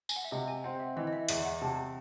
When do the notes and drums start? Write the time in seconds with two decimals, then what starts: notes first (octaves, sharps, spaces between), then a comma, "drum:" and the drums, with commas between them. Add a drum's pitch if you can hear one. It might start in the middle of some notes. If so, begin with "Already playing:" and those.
0.09 G#5, drum: tambourine
0.16 F#5
0.24 E5
0.31 C3 D#5
0.48 G#5
0.64 C4 F#5
0.80 E5
0.96 E3 D#5
1.07 D#5
1.13 E5
1.29 E2 E5, drum: hi-hat
1.45 F#5
1.61 C3 A5